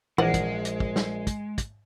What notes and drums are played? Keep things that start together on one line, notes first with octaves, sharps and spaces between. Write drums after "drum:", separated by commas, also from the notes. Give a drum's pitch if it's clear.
A#1 E3 G#3 G#4 A#4 D5 F#5
drum: kick, hi-hat
drum: hi-hat
drum: kick
drum: snare
drum: kick, hi-hat
drum: kick, hi-hat